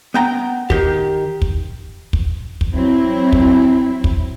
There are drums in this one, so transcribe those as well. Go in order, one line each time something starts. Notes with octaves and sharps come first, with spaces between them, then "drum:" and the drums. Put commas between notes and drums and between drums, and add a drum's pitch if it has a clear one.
B3 G5 A#5
D#3 G4, drum: kick
drum: kick
drum: kick
drum: kick
F#3 C4 E4
drum: kick
drum: kick